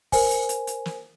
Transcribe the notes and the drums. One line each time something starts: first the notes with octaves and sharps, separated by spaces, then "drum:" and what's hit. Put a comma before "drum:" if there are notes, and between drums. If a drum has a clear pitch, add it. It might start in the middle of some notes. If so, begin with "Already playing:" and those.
A#4 C5 G#5, drum: kick, open hi-hat
drum: hi-hat
drum: hi-hat
drum: hi-hat
drum: snare